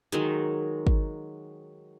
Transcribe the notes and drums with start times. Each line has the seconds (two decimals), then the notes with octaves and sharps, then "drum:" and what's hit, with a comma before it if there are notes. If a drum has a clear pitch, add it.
0.12 D#3 F#3 G#3, drum: hi-hat
0.87 drum: kick G#1